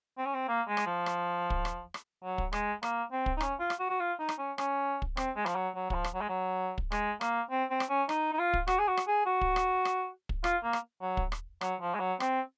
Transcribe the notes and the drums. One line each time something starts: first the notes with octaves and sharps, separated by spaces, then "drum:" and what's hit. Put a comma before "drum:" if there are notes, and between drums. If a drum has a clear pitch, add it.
C4
C#4
C4
A#3
G#3
drum: rim click
F3
drum: rim click
drum: kick
drum: rim click
drum: rim click
F#3
drum: kick
G#3, drum: rim click
A#3, drum: rim click
C4
drum: kick
D#4
C#4, drum: rim click
F4
drum: rim click
F#4
F#4
F4
D#4
drum: rim click
C#4
C#4, drum: rim click
drum: kick
C4, drum: rim click
G#3
F3, drum: rim click
F#3
F#3
F#3, drum: kick
F3
drum: rim click
F#3
G#3
F#3
drum: kick
G#3, drum: rim click
A#3, drum: rim click
C4
C4
drum: rim click
C#4
D#4, drum: rim click
D#4
F4
drum: kick
F#4, drum: rim click
G#4
F#4
drum: rim click
G#4
F#4
drum: kick
drum: rim click
drum: rim click
drum: kick
F4, drum: rim click
A#3
drum: rim click
F#3
drum: kick
drum: rim click
F#3, drum: rim click
F3
G#3
F#3
C4, drum: rim click